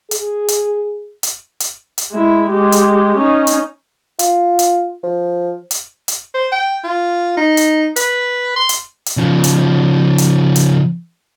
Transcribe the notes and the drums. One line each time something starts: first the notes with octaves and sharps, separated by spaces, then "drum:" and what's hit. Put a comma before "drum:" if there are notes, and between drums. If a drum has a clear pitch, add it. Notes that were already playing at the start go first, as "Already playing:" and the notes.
G#4, drum: hi-hat
drum: hi-hat
drum: hi-hat
drum: hi-hat
drum: hi-hat
G#3 E4
G#3 G4
drum: hi-hat
C#4 D#4
drum: hi-hat
F4, drum: hi-hat
drum: hi-hat
F3
drum: hi-hat
drum: hi-hat
C5
G5
F4
D#4
drum: hi-hat
B4, drum: hi-hat
C6
drum: hi-hat
drum: hi-hat
C#3 F3
drum: hi-hat
drum: hi-hat
drum: hi-hat